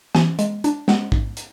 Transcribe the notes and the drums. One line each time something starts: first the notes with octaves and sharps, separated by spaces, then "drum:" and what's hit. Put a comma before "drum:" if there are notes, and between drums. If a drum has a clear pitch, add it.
E3 G#5, drum: snare
G#3, drum: hi-hat
D4, drum: hi-hat
G#3 F#5, drum: snare
G#2, drum: kick
drum: hi-hat